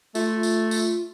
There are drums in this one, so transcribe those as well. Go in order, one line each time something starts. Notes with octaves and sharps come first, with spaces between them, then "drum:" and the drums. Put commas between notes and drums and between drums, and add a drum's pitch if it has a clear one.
A3 F4, drum: tambourine
drum: tambourine
drum: tambourine